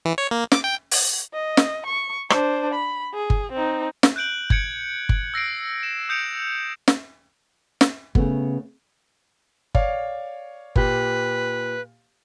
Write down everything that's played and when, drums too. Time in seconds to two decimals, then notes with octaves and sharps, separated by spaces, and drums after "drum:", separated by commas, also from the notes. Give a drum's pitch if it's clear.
0.05 E3
0.18 C#5
0.31 A#3
0.52 D6, drum: snare
0.64 G5
0.91 drum: open hi-hat
1.33 D#5
1.57 drum: snare
1.86 C#6
2.30 D4 C5, drum: rim click
2.74 B5
3.14 G#4
3.30 drum: kick G1
3.52 C4 D#4
4.03 drum: snare
4.16 F#6 G6 D7 F#7
4.50 G6 G#6 C#7 D7, drum: kick G1
5.09 drum: kick G1
5.34 E6 A#6 C7 D7
5.83 E7
6.09 D#6 G6 C#7 D7 F7
6.88 drum: snare
7.81 drum: snare
8.15 C#3 A3 B3, drum: kick G1
9.75 C#5 D5 F5, drum: kick G1
10.76 A#2 G4 B4, drum: kick G1